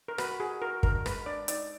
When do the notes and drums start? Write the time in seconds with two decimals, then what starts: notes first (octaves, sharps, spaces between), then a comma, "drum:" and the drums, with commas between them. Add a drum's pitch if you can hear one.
0.08 A#4
0.18 F#4 B4, drum: rim click
0.40 F#4 G#4
0.62 F#4 A#4
0.83 D4 A#4, drum: kick
1.06 G#3 B4, drum: rim click
1.26 D4 D5
1.48 D#4 D5, drum: hi-hat